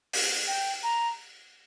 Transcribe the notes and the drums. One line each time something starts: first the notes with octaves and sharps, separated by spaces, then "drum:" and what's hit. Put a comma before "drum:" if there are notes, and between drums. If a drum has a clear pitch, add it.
drum: open hi-hat
G5
A#5